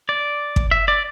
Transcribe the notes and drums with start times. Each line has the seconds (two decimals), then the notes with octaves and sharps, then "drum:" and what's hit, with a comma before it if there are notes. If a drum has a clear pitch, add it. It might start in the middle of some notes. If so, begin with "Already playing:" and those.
0.09 D5
0.56 drum: kick
0.71 E5
0.88 D5